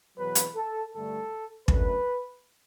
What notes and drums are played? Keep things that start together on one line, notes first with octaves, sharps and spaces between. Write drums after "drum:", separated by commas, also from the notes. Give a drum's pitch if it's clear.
E2 B2 F#3 B4
drum: hi-hat
A4
G2 D3 A3 A4
F#2 D3 A3 B4, drum: kick